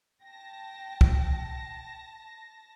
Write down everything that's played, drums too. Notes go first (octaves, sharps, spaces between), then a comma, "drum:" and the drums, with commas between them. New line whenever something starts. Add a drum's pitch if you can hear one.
G5 A5 A#6
drum: kick